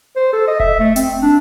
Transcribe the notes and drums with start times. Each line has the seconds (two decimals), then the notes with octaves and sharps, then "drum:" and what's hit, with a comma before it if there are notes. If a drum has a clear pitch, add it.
0.16 C5
0.33 A4
0.47 D#5
0.60 E5, drum: kick E1
0.80 A3
0.96 C4, drum: hi-hat
1.22 D4